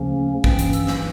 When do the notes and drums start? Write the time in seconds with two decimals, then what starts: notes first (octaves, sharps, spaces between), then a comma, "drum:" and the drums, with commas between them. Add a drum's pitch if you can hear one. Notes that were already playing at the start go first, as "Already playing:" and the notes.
Already playing: D2 C#3 F3 A#3 C#4
0.44 G2 E3 A#3 C#4 G5, drum: kick
0.59 drum: hi-hat
0.73 E6, drum: hi-hat
0.87 drum: snare